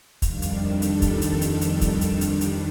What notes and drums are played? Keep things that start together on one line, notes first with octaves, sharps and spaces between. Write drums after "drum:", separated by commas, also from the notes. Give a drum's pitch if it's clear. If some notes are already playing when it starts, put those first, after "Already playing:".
F2 D#3 G3 D4 F5, drum: kick, hi-hat
drum: hi-hat
A4
drum: hi-hat
drum: kick, hi-hat
drum: hi-hat
drum: hi-hat
drum: hi-hat
drum: kick, hi-hat
drum: hi-hat
drum: hi-hat
drum: hi-hat